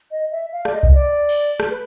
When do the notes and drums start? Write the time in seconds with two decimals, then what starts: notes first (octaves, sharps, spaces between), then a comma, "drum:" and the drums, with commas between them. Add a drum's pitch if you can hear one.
0.11 D#5
0.32 E5
0.52 F5
0.65 D5, drum: rim click
0.73 D#5
0.83 drum: kick C2
0.94 D5
1.29 drum: cymbal
1.60 drum: rim click
1.70 B4